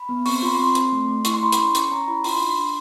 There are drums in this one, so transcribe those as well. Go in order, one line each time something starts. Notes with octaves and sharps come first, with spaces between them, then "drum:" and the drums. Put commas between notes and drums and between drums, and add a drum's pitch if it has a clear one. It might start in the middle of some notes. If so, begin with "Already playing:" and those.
Already playing: B5
B3
C4 C#6, drum: open hi-hat
C6
F4 B5
C4 C6
C4, drum: hi-hat
A3
A3
E4 C#6, drum: hi-hat
C6
E4 B5
C6, drum: hi-hat
C#4
C#4 C#6, drum: hi-hat
C#4 A#5
E4 B5
F4 C6, drum: open hi-hat
B5
D4 C6
D4